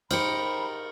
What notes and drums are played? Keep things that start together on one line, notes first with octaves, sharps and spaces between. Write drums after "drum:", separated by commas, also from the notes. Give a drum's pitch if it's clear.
D#4 G4 A#4 C5 B5 F6 C#7, drum: cymbal